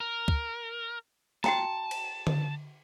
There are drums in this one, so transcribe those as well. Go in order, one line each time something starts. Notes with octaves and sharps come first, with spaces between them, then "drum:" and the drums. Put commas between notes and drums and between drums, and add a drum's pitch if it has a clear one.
A#4
drum: kick
F#4 G5 A5 A#5, drum: snare
drum: cymbal
drum: tom D3